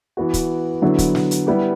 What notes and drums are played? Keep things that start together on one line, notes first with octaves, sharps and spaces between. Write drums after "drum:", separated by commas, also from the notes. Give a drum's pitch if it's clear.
E3 B3 F#4
drum: kick, hi-hat
D3 F#3 B3 E4
drum: kick, hi-hat
drum: snare
drum: hi-hat
G3 B3 E4 G4